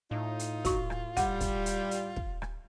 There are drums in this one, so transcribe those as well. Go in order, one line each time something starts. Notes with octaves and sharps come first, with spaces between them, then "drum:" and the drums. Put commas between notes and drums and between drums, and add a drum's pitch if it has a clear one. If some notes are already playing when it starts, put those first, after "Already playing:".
A2 D#4 F4
drum: hi-hat
F#4 C#6, drum: kick, hi-hat
drum: rim click
G3 F#5, drum: kick, hi-hat
drum: kick, hi-hat
drum: hi-hat
drum: hi-hat
drum: kick
drum: rim click